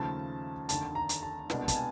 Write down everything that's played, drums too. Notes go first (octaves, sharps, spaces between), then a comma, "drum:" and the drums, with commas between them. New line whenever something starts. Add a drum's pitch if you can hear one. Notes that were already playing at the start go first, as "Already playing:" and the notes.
Already playing: D#2 C#3 F3 A3 A5
F1 D#2 D3 A5, drum: hi-hat
A#5
drum: hi-hat
A5
C2 B2 G#3 B3 D4, drum: snare
A5, drum: kick, hi-hat
G#5